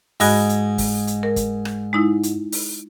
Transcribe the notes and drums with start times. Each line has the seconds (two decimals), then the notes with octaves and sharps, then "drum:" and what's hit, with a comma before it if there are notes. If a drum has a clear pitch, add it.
0.20 G#2 F#4 D#5 G#5 B5 A#6, drum: open hi-hat
0.49 drum: hi-hat
0.78 drum: kick, open hi-hat
1.07 drum: hi-hat
1.23 A#4
1.36 drum: kick, hi-hat
1.65 drum: rim click
1.93 G#3 D#4 E4
2.23 drum: hi-hat
2.52 drum: open hi-hat